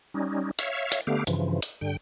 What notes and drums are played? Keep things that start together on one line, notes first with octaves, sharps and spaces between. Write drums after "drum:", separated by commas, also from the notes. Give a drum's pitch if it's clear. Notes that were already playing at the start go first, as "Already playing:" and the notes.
G3 C#4 D#4
C#5 E5 F5, drum: hi-hat
drum: hi-hat
D3 A3 B3 G4 F5
G2 C#3 E3 F3, drum: hi-hat
drum: hi-hat
G2 D3 G5